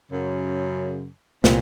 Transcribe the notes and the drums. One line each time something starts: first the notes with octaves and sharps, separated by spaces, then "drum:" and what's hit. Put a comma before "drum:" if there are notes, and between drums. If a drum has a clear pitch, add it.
F#2 C#3
C2 A#2 G#3 B3 C4, drum: snare